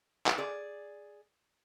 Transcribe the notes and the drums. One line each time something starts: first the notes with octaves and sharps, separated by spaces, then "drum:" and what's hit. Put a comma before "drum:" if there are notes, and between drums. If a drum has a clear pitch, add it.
drum: clap
G#4 D5